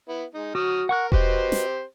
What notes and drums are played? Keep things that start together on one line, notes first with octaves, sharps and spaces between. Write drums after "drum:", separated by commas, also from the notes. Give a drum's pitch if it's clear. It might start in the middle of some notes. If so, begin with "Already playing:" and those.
B3 E4
G#3 D#4
F#3 F#4 D#6 F6
A#4 F#5 C#6 F#6
C4 F#4 G4 B4 C5 D#5, drum: kick E1
drum: snare